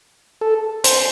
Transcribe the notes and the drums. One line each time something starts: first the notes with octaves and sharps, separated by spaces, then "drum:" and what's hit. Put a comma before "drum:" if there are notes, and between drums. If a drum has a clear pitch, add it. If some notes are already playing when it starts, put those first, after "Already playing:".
A4
C5, drum: hi-hat